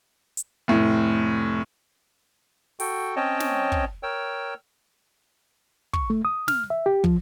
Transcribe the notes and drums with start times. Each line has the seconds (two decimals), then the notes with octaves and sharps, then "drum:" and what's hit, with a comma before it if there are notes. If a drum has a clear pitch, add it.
0.37 drum: hi-hat
0.68 F1 A2
2.80 F#4 A4 G5, drum: open hi-hat
3.16 C4 C#4 C#5 D#5 G5 A5
3.40 drum: snare
3.72 drum: kick
4.03 A#4 C#5 G5 E6
5.93 C#6, drum: kick
6.10 A3
6.25 D#6
6.48 F6, drum: snare
6.70 E5
6.86 G4
7.04 F3, drum: kick